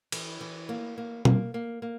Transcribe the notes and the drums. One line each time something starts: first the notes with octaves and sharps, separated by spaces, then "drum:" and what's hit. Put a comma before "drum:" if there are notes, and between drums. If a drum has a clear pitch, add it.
E3, drum: cymbal
E3
A#3
A#3
A#3, drum: tom B2
A#3
A#3